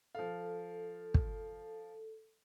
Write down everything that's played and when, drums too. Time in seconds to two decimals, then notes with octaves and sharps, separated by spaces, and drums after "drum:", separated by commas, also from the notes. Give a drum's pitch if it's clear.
0.15 F3 A4 F5
1.14 drum: kick